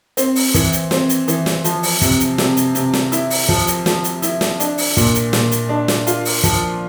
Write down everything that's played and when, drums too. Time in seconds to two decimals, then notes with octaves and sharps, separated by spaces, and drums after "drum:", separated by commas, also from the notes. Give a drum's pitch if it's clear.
0.17 C4, drum: hi-hat
0.36 drum: open hi-hat
0.54 E3, drum: kick, hi-hat
0.72 drum: hi-hat
0.91 C4, drum: snare
1.09 drum: hi-hat
1.28 E3, drum: hi-hat
1.46 drum: snare
1.64 F3, drum: hi-hat
1.83 drum: open hi-hat
2.01 C3, drum: kick, hi-hat
2.20 drum: hi-hat
2.38 C3, drum: snare
2.57 drum: hi-hat
2.75 C3, drum: hi-hat
2.93 drum: snare
3.12 E4, drum: hi-hat
3.30 drum: open hi-hat
3.49 F3, drum: kick
3.67 drum: hi-hat
3.86 F3, drum: snare
4.04 drum: hi-hat
4.22 E4, drum: hi-hat
4.41 drum: snare
4.60 D4, drum: hi-hat
4.78 drum: open hi-hat
4.97 A#2, drum: kick, hi-hat
5.15 drum: hi-hat
5.33 A#2, drum: snare
5.51 drum: hi-hat
5.69 D4
5.88 drum: snare
6.07 F4, drum: hi-hat
6.25 drum: open hi-hat
6.43 F3, drum: kick, hi-hat